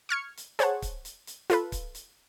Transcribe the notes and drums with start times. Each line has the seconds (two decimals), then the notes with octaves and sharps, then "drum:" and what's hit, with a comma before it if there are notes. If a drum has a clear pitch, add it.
0.09 C#6 F6 G#6 C#7
0.37 drum: hi-hat
0.59 G#4 C5 C#5 F#5 A5, drum: hi-hat
0.82 drum: kick C#1, hi-hat
1.05 drum: hi-hat
1.27 drum: hi-hat
1.50 F4 A4 B4, drum: hi-hat
1.72 drum: kick C#1, hi-hat
1.95 drum: hi-hat